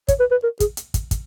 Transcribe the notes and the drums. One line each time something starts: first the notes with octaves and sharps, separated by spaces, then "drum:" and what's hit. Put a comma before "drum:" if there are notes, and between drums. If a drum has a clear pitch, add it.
C#5, drum: kick, hi-hat
B4
B4
A#4
G#4, drum: kick, hi-hat
drum: hi-hat
drum: kick, hi-hat
drum: kick, hi-hat